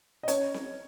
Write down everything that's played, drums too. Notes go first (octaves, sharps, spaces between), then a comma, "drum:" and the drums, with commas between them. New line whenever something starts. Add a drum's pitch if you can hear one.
D#5
C#4 C#5, drum: hi-hat
drum: snare C4